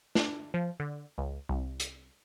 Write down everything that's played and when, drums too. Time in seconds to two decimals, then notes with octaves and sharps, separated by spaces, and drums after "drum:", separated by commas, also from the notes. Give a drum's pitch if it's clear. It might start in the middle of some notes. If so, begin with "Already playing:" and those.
0.15 D4, drum: snare
0.54 F3
0.80 D3
1.18 C#2
1.49 C2
1.80 drum: hi-hat